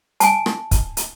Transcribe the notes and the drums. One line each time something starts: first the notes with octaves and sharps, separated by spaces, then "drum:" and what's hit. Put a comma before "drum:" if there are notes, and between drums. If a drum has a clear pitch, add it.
G#5 A5, drum: hi-hat
drum: rim click
drum: kick, hi-hat
drum: hi-hat